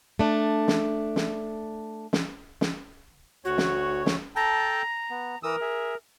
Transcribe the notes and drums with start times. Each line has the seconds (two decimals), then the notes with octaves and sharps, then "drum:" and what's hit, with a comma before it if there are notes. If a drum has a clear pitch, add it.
0.19 A3 D4
0.68 drum: snare
1.16 drum: snare
2.13 drum: snare
2.61 drum: snare
3.45 D2 F#4 C#5
3.58 drum: snare
4.06 drum: snare
4.36 A4 G5 A5 A#5
5.10 B3
5.43 E3 A#4 D#6 E6
5.61 G#4 E5